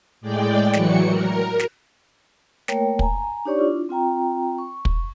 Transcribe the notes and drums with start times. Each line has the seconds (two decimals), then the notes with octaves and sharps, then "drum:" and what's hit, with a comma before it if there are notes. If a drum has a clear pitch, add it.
0.21 A2 G#3 D5 G5
0.74 E3 F#3 F#4 C#7, drum: snare
1.08 A#4
1.60 drum: snare
2.68 A3 A#3 A#4 C#5 G5, drum: snare
2.99 G#5 A#5, drum: kick
3.45 D4 D#4 G4 C#5 D5 C#6
3.59 D4 E4 F4
3.89 C4 F4 G5 A#5
4.58 C#6
4.85 drum: kick